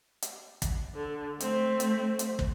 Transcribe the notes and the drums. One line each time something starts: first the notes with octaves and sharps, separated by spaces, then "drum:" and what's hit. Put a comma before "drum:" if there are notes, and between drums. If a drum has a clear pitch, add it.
drum: hi-hat
drum: kick, hi-hat
D3
A3 C4, drum: hi-hat
drum: hi-hat
drum: hi-hat
drum: kick